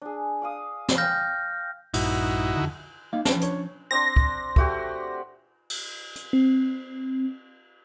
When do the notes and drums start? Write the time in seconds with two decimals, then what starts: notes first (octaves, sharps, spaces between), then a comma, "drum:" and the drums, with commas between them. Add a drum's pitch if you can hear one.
0.02 D4 G#4
0.42 D5 F5 D#6
0.89 drum: snare
0.98 F5 G5 F6 G6 A#6
1.94 A#1 G2 D#4 E4 F#4, drum: cymbal
2.57 F2 D3
3.13 A#3 D#4 F5
3.25 F3 C#4 D4 A5, drum: snare
3.41 C#4 D4 C#5, drum: hi-hat
3.91 C4 D4 C6 A#6
4.16 drum: kick
4.56 A3 F#4 G4, drum: kick
5.70 drum: cymbal
6.16 drum: hi-hat
6.33 C4